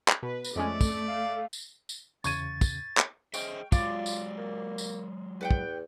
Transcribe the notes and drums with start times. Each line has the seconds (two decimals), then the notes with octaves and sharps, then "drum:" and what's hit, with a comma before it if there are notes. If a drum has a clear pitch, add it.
0.08 drum: clap
0.23 B2 B4
0.44 drum: tambourine
0.56 F2 G#3 A3 C#4 D5
0.81 drum: kick, tambourine
1.08 F5
1.53 drum: tambourine
1.89 drum: tambourine
2.24 E2 C#3 C#6 G#6 A6 D#7, drum: tambourine
2.61 drum: kick, tambourine
2.98 drum: clap
3.34 G#3 G#4 C5 E5 G5 C#6 F6, drum: tambourine
3.72 F#3 G#3 F4 D5, drum: kick, tambourine
4.06 drum: tambourine
4.38 A#3
4.78 drum: tambourine
5.41 E2 B4 F#5 G5
5.51 drum: kick